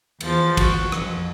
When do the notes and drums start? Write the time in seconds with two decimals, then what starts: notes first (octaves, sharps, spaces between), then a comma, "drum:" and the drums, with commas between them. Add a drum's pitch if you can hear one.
0.21 E2 F3 A6, drum: cymbal
0.57 F#4, drum: kick, cymbal
0.92 F2, drum: rim click